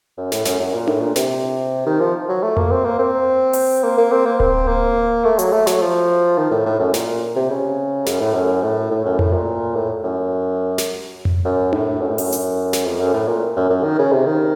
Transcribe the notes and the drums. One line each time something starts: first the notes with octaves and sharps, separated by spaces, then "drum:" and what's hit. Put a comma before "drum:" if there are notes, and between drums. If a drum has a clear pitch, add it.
F#2
A2, drum: snare
F#2, drum: snare
F#2
A#2
A2, drum: tom D4
A#2
C3, drum: snare
D#3
F3
F#3
A3
A#3, drum: tom F2
C4
A#3
C4
drum: open hi-hat
A#3
A#3
C4
A#3
C4, drum: kick D1
A#3
A3
F#3, drum: hi-hat
A3
F#3, drum: snare
F3
D#3
A2
A2
F#2
A#2, drum: snare
C3
C#3
F#2, drum: snare
A2
F#2
A2
A2
F#2
A2, drum: tom F2
A#2
A2
F#2
drum: snare
drum: tom F2
F#2
A2, drum: tom D4
F#2
A2
F#2, drum: open hi-hat
drum: hi-hat
drum: snare
F2
F#2
A2
A#2
F#2
F#2
D#3
C#3
C3
D#3